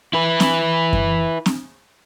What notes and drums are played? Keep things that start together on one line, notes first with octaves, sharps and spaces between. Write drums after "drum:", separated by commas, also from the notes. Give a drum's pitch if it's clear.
E4 B4
drum: snare C4
drum: kick F#2
drum: snare C4